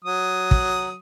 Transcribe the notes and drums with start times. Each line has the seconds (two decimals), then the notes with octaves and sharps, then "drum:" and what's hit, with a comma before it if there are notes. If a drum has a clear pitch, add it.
0.05 F#3 D#6
0.51 drum: kick